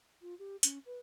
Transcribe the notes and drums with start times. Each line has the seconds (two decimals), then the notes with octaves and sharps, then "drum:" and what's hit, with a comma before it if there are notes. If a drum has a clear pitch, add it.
0.21 F4
0.39 G4
0.63 C#4, drum: hi-hat
0.86 B4